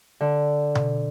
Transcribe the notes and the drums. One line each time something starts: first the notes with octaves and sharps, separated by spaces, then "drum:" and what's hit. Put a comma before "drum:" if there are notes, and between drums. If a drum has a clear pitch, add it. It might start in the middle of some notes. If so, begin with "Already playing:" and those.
D3
drum: tom B2